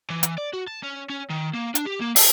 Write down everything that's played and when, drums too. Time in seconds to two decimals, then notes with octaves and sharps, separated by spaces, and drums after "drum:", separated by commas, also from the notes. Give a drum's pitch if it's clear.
0.10 E3
0.23 drum: hi-hat
0.38 D5
0.54 F#4
0.68 A5
0.83 C#4
1.10 C#4
1.30 D#3
1.55 A#3
1.75 D4, drum: hi-hat
1.86 G4
2.01 A#3
2.16 F5, drum: open hi-hat